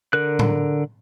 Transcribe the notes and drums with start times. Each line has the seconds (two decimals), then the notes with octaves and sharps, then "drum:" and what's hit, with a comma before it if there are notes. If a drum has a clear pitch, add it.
0.13 D3 A#4 F#6
0.39 drum: tom A2